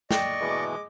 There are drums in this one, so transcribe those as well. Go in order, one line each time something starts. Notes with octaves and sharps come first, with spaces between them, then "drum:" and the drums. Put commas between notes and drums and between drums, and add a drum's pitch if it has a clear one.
D5 D#5 G5 C#6, drum: snare
B2 E3 G#3 D6